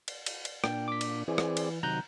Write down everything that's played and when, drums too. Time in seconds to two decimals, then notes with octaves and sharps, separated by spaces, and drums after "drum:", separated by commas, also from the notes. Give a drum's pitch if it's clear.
0.08 drum: cymbal
0.26 drum: cymbal
0.45 drum: cymbal
0.64 A#2 D4 G5, drum: rim click
0.88 D6 B6
1.01 drum: cymbal
1.28 E3 C4 G#4 D5
1.38 drum: rim click
1.57 drum: cymbal
1.83 C3 D#3 F#3 A#5 F#6 G6